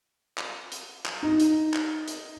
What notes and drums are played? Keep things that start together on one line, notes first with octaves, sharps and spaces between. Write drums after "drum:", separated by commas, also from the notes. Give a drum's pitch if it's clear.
drum: clap
drum: hi-hat
drum: clap
D#4
drum: hi-hat
drum: clap
drum: hi-hat